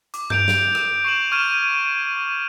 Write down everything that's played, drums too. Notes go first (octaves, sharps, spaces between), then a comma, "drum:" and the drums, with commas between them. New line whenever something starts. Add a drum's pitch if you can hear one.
D6, drum: hi-hat
G6 D7 F7, drum: tom G2
drum: snare
drum: rim click
C#6 C7 E7 F#7
C#6 F6 G#6 D#7 E7